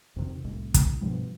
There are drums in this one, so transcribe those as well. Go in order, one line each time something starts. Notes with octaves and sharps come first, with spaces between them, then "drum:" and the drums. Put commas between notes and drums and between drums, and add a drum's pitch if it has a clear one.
F2 C3 D#3
C2 A2
drum: kick, hi-hat
G2 B2 F3 G3